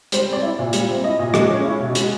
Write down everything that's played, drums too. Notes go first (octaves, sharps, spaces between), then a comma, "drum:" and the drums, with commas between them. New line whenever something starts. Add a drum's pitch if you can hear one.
G3 C5, drum: hi-hat
C4 D5
E4
A#2
G3, drum: hi-hat
C4
E4 D#5
A#2
G#3, drum: rim click
C#4
E4
B2
G#3, drum: hi-hat